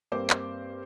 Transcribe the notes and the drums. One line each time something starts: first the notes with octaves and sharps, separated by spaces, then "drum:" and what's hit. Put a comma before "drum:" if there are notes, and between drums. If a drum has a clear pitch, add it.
G2 A#3 C4 C5 D6
drum: clap